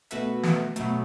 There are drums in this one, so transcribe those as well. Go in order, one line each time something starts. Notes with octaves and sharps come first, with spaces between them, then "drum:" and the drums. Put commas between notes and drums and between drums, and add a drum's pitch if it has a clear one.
B2 A3 F#4 B4 E5, drum: hi-hat
drum: snare
B2 F#3 A3, drum: hi-hat